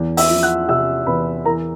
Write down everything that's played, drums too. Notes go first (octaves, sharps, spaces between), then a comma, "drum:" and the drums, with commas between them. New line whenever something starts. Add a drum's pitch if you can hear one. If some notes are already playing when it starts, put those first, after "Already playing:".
Already playing: E2
E5 E6, drum: open hi-hat
F3
F#5 F#6
C3 E5 E6
E2 B4 B5
E3 A#4 A#5